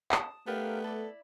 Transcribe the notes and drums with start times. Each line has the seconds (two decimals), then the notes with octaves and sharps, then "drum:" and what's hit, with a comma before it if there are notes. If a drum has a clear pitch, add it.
0.12 A5 D#6, drum: clap
0.47 A3 B3 D4 G4 A#4 F5
0.84 E4 A4 D5